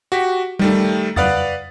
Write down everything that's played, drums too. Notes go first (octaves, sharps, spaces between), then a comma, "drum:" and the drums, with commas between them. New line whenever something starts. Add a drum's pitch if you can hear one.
F#4 G4 B6
D#3 G3 A3, drum: tom G3
B4 D5 F5 F#5 D#6 A6, drum: tom E2